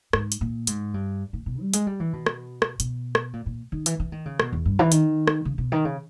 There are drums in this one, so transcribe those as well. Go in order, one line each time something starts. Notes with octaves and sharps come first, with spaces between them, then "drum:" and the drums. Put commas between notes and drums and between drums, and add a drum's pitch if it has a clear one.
G#2, drum: rim click
drum: hi-hat
A#2
G#2, drum: hi-hat
G2
A#2
B2
G3
G#3, drum: hi-hat
G3
E3
B2
drum: rim click
drum: rim click
B2, drum: hi-hat
drum: rim click
A#2
A#2
D#3
E3, drum: hi-hat
E3
D#3
C#3
B2, drum: rim click
E2
G2
E3
D#3, drum: hi-hat
drum: rim click
C#3
B2
D#3
C#3